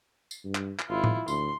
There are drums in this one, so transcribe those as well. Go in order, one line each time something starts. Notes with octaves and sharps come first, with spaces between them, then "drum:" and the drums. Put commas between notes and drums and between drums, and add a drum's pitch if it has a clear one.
drum: tambourine
G2
drum: clap
drum: clap
G#1 E4 F4
drum: tom A2
D2 C6, drum: tambourine